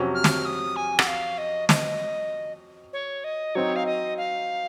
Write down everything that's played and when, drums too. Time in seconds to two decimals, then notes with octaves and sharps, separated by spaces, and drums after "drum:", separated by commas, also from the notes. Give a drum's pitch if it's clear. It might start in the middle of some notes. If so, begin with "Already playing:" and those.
Already playing: F2 C3 F#3 C#4 F#4
0.14 F6
0.24 drum: snare
0.45 D#6
0.76 G#5
0.99 F#5, drum: rim click
1.07 F5
1.38 D#5
1.69 D#5, drum: snare
2.93 C#5
3.24 D#5
3.55 F#3 C4 D#4 C#5
3.76 F5
3.86 D#5
4.17 F5